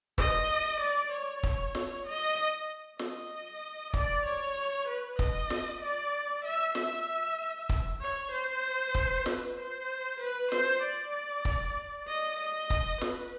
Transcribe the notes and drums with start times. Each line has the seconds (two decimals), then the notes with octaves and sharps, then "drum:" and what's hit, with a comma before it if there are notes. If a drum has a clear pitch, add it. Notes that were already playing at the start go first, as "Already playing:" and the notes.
0.18 D#5, drum: kick
0.80 D5
1.13 C#5
1.43 drum: kick
1.75 drum: snare
2.06 D#5
2.99 D#5, drum: snare
3.94 D5, drum: kick
4.26 C#5
4.88 B4
5.19 D#5, drum: kick
5.50 drum: snare
5.81 D5
6.44 E5
6.75 E5, drum: snare
7.69 drum: kick
8.01 C#5
8.32 C5
8.95 drum: kick
9.26 B4, drum: snare
9.57 C5
10.20 B4
10.52 C5, drum: snare
10.82 D5
11.45 drum: kick
12.08 D#5
12.40 D#5
12.70 drum: kick
13.01 B4, drum: snare